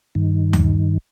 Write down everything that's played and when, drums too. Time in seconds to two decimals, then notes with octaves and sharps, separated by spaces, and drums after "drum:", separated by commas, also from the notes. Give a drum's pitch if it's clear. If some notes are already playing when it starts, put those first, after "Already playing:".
0.15 G2 D#3
0.53 drum: tom D#2